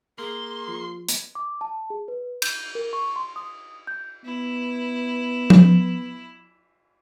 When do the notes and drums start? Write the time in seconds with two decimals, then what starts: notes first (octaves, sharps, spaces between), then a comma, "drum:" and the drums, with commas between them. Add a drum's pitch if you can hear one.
0.19 A#3 G#4 C6
0.68 F3
1.09 drum: hi-hat
1.35 D6
1.61 A5
1.90 G#4
2.08 B4
2.42 G6, drum: cymbal
2.75 A#4
2.93 C#6
3.16 C6
3.36 D#6
3.87 G6
4.25 B3 E4
5.50 drum: tom F3